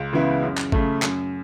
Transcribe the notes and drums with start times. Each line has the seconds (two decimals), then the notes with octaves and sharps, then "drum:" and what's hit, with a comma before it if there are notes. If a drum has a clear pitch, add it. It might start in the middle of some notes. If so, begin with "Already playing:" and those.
Already playing: C#2
0.13 C#3 E3 B3 E4
0.42 F#2
0.58 drum: clap
0.72 C#3 A3, drum: kick
1.02 F#2, drum: clap